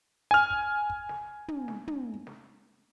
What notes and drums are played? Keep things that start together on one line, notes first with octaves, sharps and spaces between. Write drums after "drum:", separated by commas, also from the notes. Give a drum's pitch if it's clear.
G#5 F6
drum: kick
drum: kick
drum: snare
drum: tom
drum: snare
drum: tom
drum: snare